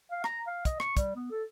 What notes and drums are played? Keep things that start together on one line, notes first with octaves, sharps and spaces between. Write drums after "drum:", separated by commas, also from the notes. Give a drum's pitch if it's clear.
F5
A#5, drum: rim click
F5
D#5, drum: kick, hi-hat
C#6, drum: rim click
G3, drum: kick, hi-hat
B3
A4